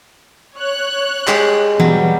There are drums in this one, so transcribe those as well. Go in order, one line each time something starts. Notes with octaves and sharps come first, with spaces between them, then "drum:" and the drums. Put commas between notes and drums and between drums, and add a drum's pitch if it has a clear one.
C#5 F#6
G#3 G4, drum: clap
B2 F#3 G3, drum: tom E3